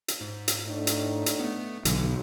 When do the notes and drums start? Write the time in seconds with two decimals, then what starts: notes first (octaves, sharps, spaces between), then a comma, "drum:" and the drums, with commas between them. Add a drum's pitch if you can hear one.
0.08 drum: hi-hat
0.21 G#2
0.48 drum: hi-hat
0.65 A2 D4 D#4
0.87 drum: hi-hat
1.26 drum: hi-hat
1.40 A3 B3
1.85 B1 D3 E3, drum: hi-hat